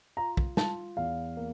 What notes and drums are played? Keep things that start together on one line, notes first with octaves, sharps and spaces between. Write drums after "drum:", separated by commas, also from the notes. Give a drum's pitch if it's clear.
F4 A#5
drum: kick
F4 A5, drum: snare
E2 F5
A#3